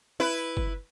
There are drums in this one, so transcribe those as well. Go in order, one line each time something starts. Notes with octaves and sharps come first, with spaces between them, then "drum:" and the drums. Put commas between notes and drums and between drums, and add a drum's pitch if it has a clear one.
E4 B4
drum: kick G1